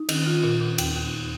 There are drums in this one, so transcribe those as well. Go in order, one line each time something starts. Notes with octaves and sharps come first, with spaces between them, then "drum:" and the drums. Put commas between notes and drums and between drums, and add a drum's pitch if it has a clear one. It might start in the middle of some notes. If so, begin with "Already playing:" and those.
Already playing: D#4
D#3, drum: cymbal
F4
A#2
A#2
D#2, drum: cymbal
D#2